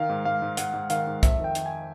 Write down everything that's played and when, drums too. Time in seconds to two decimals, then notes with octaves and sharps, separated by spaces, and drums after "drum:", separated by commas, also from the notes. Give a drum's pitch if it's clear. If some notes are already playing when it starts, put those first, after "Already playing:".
Already playing: D#3 F5
0.09 G#2
0.25 G#2 F5
0.42 G#2
0.57 G#2 F#5, drum: hi-hat
0.73 G#2
0.90 D#3 F5, drum: hi-hat
1.07 G#2
1.23 F2 E5, drum: kick, hi-hat
1.40 D#3 G5
1.55 D#3, drum: hi-hat
1.66 G#5